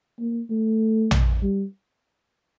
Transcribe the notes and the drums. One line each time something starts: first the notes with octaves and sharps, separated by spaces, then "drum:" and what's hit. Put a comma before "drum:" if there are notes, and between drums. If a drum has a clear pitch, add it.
A#3
A3
drum: tom A#1
G3